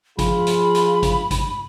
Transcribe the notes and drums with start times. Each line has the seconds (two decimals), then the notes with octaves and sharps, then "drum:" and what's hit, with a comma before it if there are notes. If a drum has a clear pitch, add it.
0.19 F3 F4 G#4 B5, drum: kick G#1, hi-hat
0.47 drum: hi-hat
0.75 drum: hi-hat
1.03 drum: kick G#1, hi-hat
1.31 drum: kick G#1, hi-hat